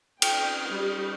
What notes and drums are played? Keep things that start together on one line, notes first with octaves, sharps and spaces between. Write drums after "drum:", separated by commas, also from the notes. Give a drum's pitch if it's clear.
G5, drum: cymbal
G3